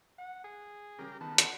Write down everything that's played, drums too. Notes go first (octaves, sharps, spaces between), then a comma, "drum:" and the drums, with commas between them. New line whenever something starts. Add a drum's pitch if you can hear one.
F#5
G#4
C#3 G3 G4 A#4
D#3 B3 A5
F#5 B5 C6, drum: hi-hat